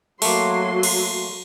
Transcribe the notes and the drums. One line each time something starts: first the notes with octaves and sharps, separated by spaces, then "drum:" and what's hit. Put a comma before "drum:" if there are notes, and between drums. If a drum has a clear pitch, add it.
F#3 A3 A#3 C6, drum: open hi-hat
drum: cymbal